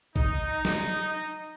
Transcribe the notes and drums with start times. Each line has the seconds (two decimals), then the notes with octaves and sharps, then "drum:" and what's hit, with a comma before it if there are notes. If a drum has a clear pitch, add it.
0.16 D#4, drum: kick A1
0.65 drum: snare